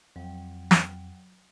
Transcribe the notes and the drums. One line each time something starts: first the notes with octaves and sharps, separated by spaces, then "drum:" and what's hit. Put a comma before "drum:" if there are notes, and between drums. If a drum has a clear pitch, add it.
F2 F#3 G5
drum: snare